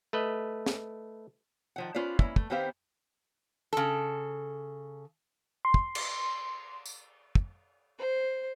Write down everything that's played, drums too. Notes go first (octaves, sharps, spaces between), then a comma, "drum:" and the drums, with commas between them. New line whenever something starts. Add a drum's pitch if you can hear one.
A3 B4 D#5
drum: snare
D#3 F3 F#5
C#4 F4 B4 C5 D5
A#3 C#4 E4, drum: kick
A3, drum: kick
D#3 B3 C4 G4 C5 F5
C#3 A4
C6
drum: kick
drum: cymbal
drum: tambourine
drum: kick
C5